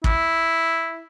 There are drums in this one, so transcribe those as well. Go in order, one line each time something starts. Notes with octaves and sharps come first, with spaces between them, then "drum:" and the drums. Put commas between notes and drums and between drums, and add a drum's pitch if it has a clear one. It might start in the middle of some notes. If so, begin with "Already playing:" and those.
E4, drum: kick